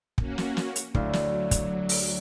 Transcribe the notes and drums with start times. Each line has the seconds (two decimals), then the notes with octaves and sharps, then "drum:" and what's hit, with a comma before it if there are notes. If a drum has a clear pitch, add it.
0.18 A#3 C#4 F#4, drum: kick
0.38 drum: snare
0.57 drum: snare
0.76 drum: hi-hat
0.94 D2 F#3 E4 F5, drum: kick
1.13 drum: snare
1.51 drum: kick, hi-hat
1.89 drum: open hi-hat